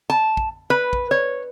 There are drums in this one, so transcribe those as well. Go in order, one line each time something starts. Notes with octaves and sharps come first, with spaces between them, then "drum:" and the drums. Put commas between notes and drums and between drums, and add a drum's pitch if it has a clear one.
A5
drum: kick
B4
drum: kick
C#5